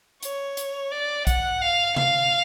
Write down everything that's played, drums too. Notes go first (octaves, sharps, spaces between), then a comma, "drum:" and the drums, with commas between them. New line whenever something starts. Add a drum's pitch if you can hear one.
C#5, drum: hi-hat
drum: hi-hat
D5
F#5, drum: kick, hi-hat
F5
F5, drum: tom C3